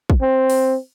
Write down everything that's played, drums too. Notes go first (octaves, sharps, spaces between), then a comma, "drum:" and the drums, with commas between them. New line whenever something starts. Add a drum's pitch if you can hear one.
drum: kick
C4
drum: open hi-hat